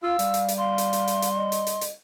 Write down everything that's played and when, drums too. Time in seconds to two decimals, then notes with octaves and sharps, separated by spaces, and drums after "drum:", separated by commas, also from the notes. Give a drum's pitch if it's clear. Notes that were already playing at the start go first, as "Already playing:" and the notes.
0.03 F4 F5 E6
0.19 G3, drum: hi-hat
0.34 drum: hi-hat
0.48 drum: hi-hat
0.58 F5 C6
0.78 drum: hi-hat
0.93 drum: hi-hat
1.08 drum: hi-hat
1.22 drum: hi-hat
1.36 D#5
1.52 drum: hi-hat
1.67 drum: hi-hat
1.81 drum: hi-hat